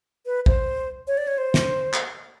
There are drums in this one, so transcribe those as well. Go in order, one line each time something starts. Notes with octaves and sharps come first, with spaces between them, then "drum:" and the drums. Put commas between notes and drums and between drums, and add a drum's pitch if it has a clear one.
B4
C5, drum: kick
C#5
D5
C#5
C5
drum: snare
drum: clap